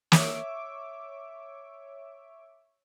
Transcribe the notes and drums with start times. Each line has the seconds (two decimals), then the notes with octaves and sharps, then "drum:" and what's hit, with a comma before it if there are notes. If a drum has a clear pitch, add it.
0.12 C#5 E5 D6, drum: snare